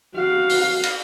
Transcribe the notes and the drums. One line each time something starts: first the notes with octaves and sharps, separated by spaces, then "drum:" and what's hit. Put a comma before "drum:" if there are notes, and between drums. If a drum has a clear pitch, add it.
F#4 F5
drum: open hi-hat
drum: cymbal